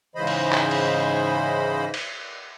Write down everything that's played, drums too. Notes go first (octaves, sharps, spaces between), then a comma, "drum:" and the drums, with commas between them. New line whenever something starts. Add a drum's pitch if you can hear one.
G#2 C#3 E3 C5 D#5 B5
drum: cymbal
drum: clap
drum: cymbal
drum: cymbal